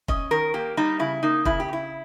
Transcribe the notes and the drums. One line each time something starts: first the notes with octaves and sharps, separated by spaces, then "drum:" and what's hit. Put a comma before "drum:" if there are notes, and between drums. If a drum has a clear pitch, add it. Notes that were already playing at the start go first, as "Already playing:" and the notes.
C#4 D#5, drum: kick
D#3 A#4
A#3 G4
G3 D#4
C#3 E4
A#3 D#4
C#3 E4, drum: kick
G4
C#3 E4